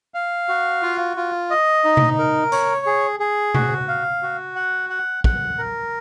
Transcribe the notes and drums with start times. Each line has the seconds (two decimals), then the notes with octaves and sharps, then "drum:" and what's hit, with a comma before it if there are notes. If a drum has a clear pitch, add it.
0.14 F5
0.49 F#4
0.82 F4
1.17 F4
1.50 D#5
1.84 D#4
1.97 drum: tom B2
2.19 A#4
2.52 C#5, drum: hi-hat
2.86 G#4
3.20 G#4
3.55 F#4, drum: tom B2
3.88 F5
4.23 F#4
4.56 F#5
4.90 F#5
5.24 F#5, drum: kick
5.58 A#4